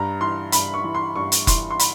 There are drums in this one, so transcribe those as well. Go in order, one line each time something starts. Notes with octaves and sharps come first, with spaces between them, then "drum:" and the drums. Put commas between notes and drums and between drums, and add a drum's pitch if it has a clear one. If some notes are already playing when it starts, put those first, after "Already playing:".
Already playing: G2 A#5
E3 C6
G2 B5, drum: hi-hat
C#6
E3
C6
G2 C#6
drum: hi-hat
E3 C6, drum: kick F1, hi-hat
C6
B5, drum: hi-hat